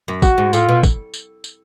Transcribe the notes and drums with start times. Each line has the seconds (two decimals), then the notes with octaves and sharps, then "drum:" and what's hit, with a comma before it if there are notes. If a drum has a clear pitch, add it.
0.08 F#2
0.22 F#4, drum: kick, tambourine
0.38 G#2
0.53 A2 F4, drum: tambourine
0.69 B2
0.83 drum: kick, tambourine
1.14 drum: tambourine
1.44 drum: tambourine